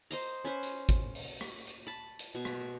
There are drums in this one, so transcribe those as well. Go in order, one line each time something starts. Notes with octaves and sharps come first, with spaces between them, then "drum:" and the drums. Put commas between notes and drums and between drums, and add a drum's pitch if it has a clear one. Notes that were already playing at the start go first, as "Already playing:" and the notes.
C5 D#5 A#5, drum: hi-hat
C#4 B4 C5
drum: hi-hat
drum: kick, hi-hat
drum: open hi-hat
drum: rim click
drum: hi-hat
A5 B5
drum: hi-hat
B2
drum: rim click